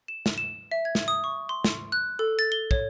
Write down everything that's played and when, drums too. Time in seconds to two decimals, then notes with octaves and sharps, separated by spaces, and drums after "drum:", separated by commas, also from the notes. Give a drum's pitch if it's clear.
0.08 E7
0.26 drum: snare
0.38 E7
0.72 E5
0.85 G#6
0.95 drum: snare
1.08 D#6
1.24 C#6
1.49 C6
1.64 drum: snare
1.92 F#6
2.19 A4
2.39 A6
2.52 G7
2.71 C#5, drum: kick